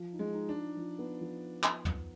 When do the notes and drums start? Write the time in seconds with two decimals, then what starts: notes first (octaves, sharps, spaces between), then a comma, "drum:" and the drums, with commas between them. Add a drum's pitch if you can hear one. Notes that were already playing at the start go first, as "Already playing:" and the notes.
Already playing: F3
0.13 D#4
0.19 G#3
0.33 D#4
0.49 D4
0.55 D#4
0.77 F3
0.99 B3
1.21 F3
1.63 drum: clap
1.85 drum: tom